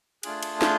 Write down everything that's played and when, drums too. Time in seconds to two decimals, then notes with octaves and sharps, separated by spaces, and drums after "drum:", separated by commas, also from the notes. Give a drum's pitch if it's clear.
0.23 A3 D4 F4 G#4 F#6, drum: cymbal
0.43 drum: cymbal
0.62 G6, drum: snare